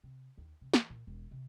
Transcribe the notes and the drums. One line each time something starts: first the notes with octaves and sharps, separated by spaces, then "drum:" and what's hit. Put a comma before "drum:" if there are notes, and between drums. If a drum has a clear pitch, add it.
C3
D#2
C3
E3, drum: snare
A#2
E1
C3